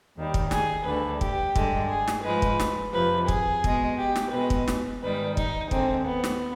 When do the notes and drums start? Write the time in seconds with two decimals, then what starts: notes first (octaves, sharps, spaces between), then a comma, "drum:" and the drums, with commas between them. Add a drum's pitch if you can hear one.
0.17 D#2 D#3 G3
0.34 drum: kick
0.51 G#4, drum: snare
0.86 D2 D3 G3 B4
1.21 G4, drum: kick
1.56 G2 D3 G#3, drum: kick
1.90 G#4
2.08 drum: snare
2.24 G#2 F3 G#3 B4
2.42 drum: kick
2.60 drum: snare
2.94 F2 C3 F3 B4
3.28 G#4, drum: kick
3.64 B2 G#3, drum: kick
3.98 G4
4.16 drum: snare
4.32 B2 G#3 B4
4.50 drum: kick
4.68 drum: snare
5.03 G#2 D#3 G3 B4
5.37 D#4, drum: kick
5.71 D#2 D3 G#3 C4, drum: kick
6.07 B3
6.24 drum: snare